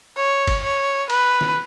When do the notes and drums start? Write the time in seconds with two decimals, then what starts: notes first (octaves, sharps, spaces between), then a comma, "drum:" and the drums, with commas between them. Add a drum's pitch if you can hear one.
0.17 C#5
0.47 drum: kick, cymbal
0.64 C#5
1.10 B4, drum: cymbal
1.41 drum: snare